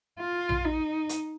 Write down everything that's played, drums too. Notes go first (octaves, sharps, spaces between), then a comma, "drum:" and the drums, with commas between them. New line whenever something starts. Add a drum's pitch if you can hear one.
F4
drum: tom A#1
D#4
drum: hi-hat